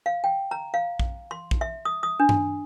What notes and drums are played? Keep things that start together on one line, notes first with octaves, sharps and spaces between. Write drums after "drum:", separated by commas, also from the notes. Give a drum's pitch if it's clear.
F5
G5
A#5
F5
drum: kick A#1
C6
drum: kick A#1
E5
D#6
D#6
D4
drum: tom G2